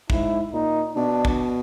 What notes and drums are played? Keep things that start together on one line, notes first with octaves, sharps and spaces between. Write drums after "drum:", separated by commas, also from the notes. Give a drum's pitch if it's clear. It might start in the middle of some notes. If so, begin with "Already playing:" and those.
G#2 E4, drum: kick
A#2 D#4
B2 D4
drum: kick